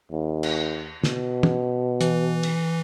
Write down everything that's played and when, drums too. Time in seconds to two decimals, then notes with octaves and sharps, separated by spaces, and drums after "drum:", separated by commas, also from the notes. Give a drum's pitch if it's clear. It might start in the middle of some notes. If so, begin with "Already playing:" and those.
0.12 D#2
0.43 drum: cymbal
1.04 B2, drum: snare
1.43 drum: tom
2.01 E3, drum: hi-hat
2.43 drum: cymbal